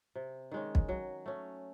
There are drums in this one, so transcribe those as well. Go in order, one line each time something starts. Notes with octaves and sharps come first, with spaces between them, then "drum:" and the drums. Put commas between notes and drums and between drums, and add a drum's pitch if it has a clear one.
C3
D#3 G#3 C#4
drum: kick
F#3
A3 C#4